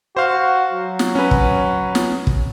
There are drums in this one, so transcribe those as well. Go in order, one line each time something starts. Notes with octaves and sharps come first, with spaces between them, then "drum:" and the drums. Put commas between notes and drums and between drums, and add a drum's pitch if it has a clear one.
F#4 C5 F5
F#3
drum: snare
C#4 B4
drum: kick
drum: snare
drum: kick